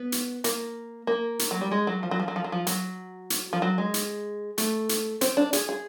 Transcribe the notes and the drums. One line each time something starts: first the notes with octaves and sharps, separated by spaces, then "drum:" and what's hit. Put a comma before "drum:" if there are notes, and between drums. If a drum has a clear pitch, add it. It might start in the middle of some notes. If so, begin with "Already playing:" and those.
Already playing: B3
drum: hi-hat
A#3, drum: hi-hat
A#3
drum: hi-hat
F#3
G3
G#3
F#3
F3
F#3
F3
F#3
F3
F#3
F3
F#3, drum: hi-hat
drum: hi-hat
F3
F#3
G#3
drum: hi-hat
A3, drum: hi-hat
drum: hi-hat
C4, drum: hi-hat
D4
G#4, drum: hi-hat
G#4